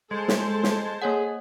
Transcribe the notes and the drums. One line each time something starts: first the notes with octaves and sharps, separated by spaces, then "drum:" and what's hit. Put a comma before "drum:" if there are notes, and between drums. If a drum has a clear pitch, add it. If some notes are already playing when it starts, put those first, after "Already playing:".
G#3 A4 C5 A5
drum: snare
drum: snare
A#3 G#4 C#5 F#5